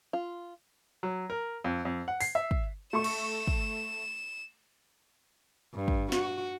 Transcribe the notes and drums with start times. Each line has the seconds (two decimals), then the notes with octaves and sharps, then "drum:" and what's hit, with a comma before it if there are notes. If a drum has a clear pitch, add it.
0.13 F4
1.03 F#3
1.30 A#4
1.64 F2
1.85 F2
2.08 F#5
2.21 C7, drum: open hi-hat
2.35 E5
2.51 drum: kick
2.93 A3 C#6 E7
3.04 drum: cymbal
3.47 drum: kick
5.74 G2
5.88 drum: kick
6.12 F#4, drum: snare